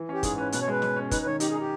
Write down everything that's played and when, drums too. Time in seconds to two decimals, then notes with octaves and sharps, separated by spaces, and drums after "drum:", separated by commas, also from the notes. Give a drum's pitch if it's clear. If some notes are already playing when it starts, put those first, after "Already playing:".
Already playing: E3
0.09 C#4 G4
0.23 G#2 G#4, drum: kick, hi-hat
0.38 C#4 B4
0.52 B2 B4, drum: hi-hat
0.62 C#5
0.68 G#3 B4
0.82 C#4, drum: snare
0.96 C#4
1.11 D#4 B4, drum: kick, hi-hat
1.22 B4
1.26 D#3 C#5
1.40 D#4 G4, drum: hi-hat
1.50 G#4
1.55 D#4 G4